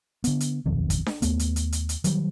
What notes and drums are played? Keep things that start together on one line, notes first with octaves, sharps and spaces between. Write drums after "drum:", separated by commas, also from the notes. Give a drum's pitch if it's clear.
D3 B3, drum: hi-hat
drum: hi-hat
D#1 B1 F2 D#3
drum: kick, hi-hat
drum: snare D4
D#2 A3 B3, drum: hi-hat
drum: hi-hat
drum: hi-hat
drum: hi-hat
drum: hi-hat
D#3 F#3 G3, drum: hi-hat